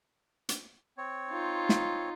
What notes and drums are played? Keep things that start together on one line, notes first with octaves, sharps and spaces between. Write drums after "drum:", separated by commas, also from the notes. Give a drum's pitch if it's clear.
drum: hi-hat
C4 C#5
D#4 F4
drum: snare